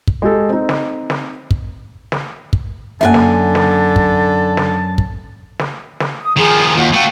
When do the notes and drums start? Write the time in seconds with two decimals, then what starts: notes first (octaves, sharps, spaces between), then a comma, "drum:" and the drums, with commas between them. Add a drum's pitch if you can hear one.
0.07 drum: kick
0.22 G#3 G4 A4
0.49 C4 D#4
0.69 drum: snare
1.10 drum: snare
1.51 drum: kick
2.12 drum: snare
2.53 drum: kick
3.01 F#2 D3 A#3 F#4 E5 G#5 A5
3.14 drum: snare
3.55 drum: snare
3.96 drum: kick
4.57 drum: snare
4.98 drum: kick
5.59 drum: snare
6.00 drum: snare
6.21 D#6
6.37 D#3 F3 G#4
6.77 D#2 F4 F#4
6.94 A3 F#4 F5 G5